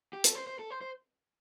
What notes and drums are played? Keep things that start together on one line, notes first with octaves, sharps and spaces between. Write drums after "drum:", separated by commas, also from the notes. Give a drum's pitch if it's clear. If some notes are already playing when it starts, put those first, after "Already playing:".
G4
A4, drum: hi-hat
C5
C5
A4
C5
C5